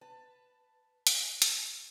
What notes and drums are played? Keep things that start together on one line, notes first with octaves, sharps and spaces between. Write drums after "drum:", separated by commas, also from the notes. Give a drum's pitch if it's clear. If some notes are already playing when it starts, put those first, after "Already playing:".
B4 A5
drum: hi-hat
drum: hi-hat